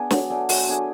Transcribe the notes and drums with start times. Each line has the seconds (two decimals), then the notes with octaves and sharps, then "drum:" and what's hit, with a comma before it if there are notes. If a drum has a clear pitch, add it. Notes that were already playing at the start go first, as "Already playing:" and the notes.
Already playing: B3 D4 G#4
0.11 F#3, drum: snare
0.30 A3 D4 G#4
0.49 F#3, drum: open hi-hat
0.68 A3 D4 G#4